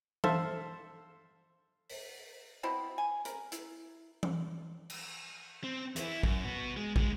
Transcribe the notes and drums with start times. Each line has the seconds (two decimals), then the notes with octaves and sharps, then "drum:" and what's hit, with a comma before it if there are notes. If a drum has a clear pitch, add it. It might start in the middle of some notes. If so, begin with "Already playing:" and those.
0.24 A4 C5 E5 F5 A5 C6, drum: tom E3
1.90 drum: open hi-hat
2.63 B2 C4 E4 D#5
2.98 G#5
3.25 A#4, drum: hi-hat
3.52 E4, drum: hi-hat
4.23 drum: tom E3
4.90 drum: cymbal
5.64 C4
5.96 E2 E4, drum: hi-hat
6.23 F#2, drum: kick
6.45 B3 F#4
6.77 G#3
6.96 D2 G#3, drum: kick